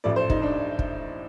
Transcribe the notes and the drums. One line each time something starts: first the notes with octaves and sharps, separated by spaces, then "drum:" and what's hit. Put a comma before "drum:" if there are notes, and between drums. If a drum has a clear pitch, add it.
A1 A2 F3 A3 D5
C5
D#4, drum: kick
D4
drum: kick